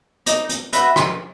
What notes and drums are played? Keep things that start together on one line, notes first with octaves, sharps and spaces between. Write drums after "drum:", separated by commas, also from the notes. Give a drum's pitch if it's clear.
D#4, drum: hi-hat
drum: hi-hat
F#4 B4 E5, drum: hi-hat
drum: rim click